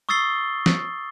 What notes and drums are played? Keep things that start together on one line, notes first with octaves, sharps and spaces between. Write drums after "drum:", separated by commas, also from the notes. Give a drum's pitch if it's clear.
C#6 D#6 E6 A6 C7 G7
drum: snare